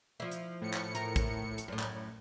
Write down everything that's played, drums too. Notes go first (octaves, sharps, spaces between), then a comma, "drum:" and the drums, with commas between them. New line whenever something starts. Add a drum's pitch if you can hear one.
F3 E4
drum: hi-hat
A2 C#7
drum: clap
A#4, drum: hi-hat
drum: kick, hi-hat
drum: hi-hat
F#2 A2
drum: clap